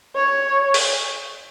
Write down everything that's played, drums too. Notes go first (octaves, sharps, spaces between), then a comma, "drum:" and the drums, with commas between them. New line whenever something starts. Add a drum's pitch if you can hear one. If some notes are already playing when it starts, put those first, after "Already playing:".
C#5
drum: open hi-hat